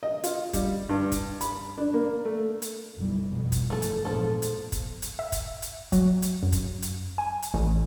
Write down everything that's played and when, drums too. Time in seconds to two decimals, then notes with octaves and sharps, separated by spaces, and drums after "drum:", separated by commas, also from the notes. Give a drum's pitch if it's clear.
0.03 D#5
0.24 F4, drum: hi-hat
0.53 G3, drum: kick, hi-hat
0.89 G2
1.12 drum: kick, hi-hat
1.41 B5, drum: hi-hat
1.78 D4
1.94 A#3
2.25 A3
2.62 drum: hi-hat
2.98 F#1 B1 E3 G3
3.28 F2 B2
3.52 drum: kick, hi-hat
3.70 G1 E3 F3 A3 A4
3.82 drum: hi-hat
4.05 A#1 E2 G#2 F3 A4
4.42 drum: hi-hat
4.72 drum: kick, hi-hat
5.02 drum: hi-hat
5.19 E5
5.32 drum: kick, hi-hat
5.62 drum: hi-hat
5.92 F#3, drum: kick, hi-hat
6.22 drum: hi-hat
6.43 F#2
6.52 drum: kick, hi-hat
6.82 drum: hi-hat
7.18 G#5
7.42 drum: hi-hat
7.54 A1